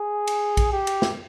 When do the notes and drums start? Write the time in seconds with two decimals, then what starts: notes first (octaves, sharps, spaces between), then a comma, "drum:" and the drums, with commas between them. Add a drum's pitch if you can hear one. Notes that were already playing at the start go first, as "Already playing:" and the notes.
Already playing: G#4
0.27 drum: cymbal
0.57 drum: kick, cymbal
0.72 G4
0.87 drum: cymbal
1.02 drum: snare